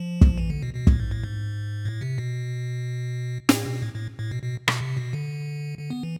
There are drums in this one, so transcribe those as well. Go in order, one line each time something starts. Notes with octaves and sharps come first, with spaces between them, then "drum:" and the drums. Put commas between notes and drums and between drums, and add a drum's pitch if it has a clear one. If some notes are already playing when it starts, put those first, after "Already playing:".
Already playing: F3
drum: kick
E3
D3
B2
B2
A2, drum: kick
G#2
A2
G#2
A2
C3
B2
A2, drum: snare
B2
A2
A2
A2
B2
B2
B2, drum: rim click
C3
B2
D3
D3
B3
E3